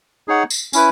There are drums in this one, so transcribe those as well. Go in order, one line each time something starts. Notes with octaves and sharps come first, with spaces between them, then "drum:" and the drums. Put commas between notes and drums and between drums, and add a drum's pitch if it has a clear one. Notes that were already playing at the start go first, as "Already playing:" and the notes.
D#4 G#4 C#5 F#5
drum: tambourine
C#4 E4 B4, drum: tambourine